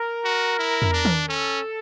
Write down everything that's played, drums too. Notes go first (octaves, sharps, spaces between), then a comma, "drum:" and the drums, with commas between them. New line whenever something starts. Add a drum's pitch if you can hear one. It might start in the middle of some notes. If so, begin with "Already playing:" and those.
Already playing: A#4
F#4
E4
drum: tom E2
D4
drum: tom D#3
C#4 A4